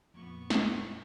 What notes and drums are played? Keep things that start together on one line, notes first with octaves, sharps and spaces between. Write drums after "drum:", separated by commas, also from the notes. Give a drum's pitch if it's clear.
F2 A#2 B3 C#6
drum: snare